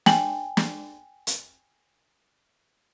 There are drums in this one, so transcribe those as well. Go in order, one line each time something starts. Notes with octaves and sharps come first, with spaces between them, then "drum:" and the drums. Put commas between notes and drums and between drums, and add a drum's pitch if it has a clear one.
G5 G#5 F#7, drum: snare
drum: snare
drum: hi-hat